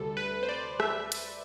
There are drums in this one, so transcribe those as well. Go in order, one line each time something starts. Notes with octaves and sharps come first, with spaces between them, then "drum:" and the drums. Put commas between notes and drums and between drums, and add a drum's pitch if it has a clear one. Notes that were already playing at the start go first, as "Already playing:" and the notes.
Already playing: D2 C3 G3 A4
B4
C5
D5
E5, drum: rim click
drum: hi-hat